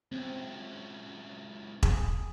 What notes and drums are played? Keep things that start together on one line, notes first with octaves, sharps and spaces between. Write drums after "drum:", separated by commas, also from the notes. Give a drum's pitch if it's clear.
C#2 F#2 C4
G#4, drum: kick E1